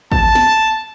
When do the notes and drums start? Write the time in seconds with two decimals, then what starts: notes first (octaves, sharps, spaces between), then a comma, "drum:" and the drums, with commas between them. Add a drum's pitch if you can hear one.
0.12 A5, drum: kick
0.35 drum: snare